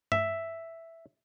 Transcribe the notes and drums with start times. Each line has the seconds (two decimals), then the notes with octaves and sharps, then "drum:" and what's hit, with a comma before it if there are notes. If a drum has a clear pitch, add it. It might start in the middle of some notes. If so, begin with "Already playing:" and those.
0.12 E5, drum: tom G2